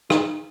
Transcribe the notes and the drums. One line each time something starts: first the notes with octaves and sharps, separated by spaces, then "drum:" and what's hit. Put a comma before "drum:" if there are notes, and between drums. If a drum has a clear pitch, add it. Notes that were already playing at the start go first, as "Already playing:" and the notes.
D#4, drum: rim click